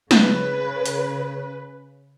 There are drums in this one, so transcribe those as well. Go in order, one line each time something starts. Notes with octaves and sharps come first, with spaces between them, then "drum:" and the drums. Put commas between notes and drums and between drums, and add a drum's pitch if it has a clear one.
C#3 B4, drum: snare
drum: hi-hat